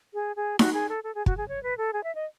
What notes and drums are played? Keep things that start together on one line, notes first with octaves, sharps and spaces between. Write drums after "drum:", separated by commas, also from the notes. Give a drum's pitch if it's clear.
G#4
G#4
F#4, drum: snare D#4
G#4
A4
A4
G#4
F#4, drum: kick
G#4
C#5
B4
A4
G#4
E5
D#5